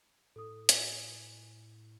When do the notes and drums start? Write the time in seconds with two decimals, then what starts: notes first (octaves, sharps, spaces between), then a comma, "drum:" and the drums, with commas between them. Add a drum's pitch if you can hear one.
0.36 A2 A4 D#6
0.69 G#5, drum: hi-hat